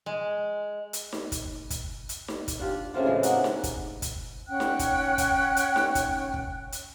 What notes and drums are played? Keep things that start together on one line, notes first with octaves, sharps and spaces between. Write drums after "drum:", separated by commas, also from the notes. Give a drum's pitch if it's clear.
G#3
drum: hi-hat
drum: snare D#4
drum: kick, hi-hat
drum: kick, hi-hat
drum: hi-hat
drum: snare D#4
drum: kick, hi-hat
D4 F4 G4
C#3 A3 C4 F4
A2 E3 G#3
A#3 D4 D#4 F#4, drum: hi-hat
drum: snare D#4
drum: kick, hi-hat
drum: kick, hi-hat
C#4 F#5 G5 F#6
drum: snare D#4
drum: kick, hi-hat
drum: kick, hi-hat
drum: hi-hat
drum: snare D#4
drum: kick, hi-hat
drum: kick
drum: hi-hat